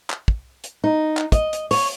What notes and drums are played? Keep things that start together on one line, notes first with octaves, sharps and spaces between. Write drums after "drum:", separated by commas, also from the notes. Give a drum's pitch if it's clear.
drum: clap
drum: kick
drum: hi-hat
D#4
drum: clap
D#5, drum: kick, hi-hat
drum: hi-hat
C#5, drum: open hi-hat